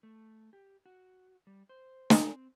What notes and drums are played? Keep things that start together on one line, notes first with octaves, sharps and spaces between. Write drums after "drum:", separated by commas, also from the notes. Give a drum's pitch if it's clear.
A3
G4
F#4
G3
C5
drum: snare
C4